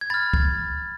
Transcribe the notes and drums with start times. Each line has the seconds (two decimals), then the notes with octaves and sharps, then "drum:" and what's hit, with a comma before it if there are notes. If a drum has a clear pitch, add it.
0.01 G#6
0.10 B5 F6 A6
0.34 G#6, drum: kick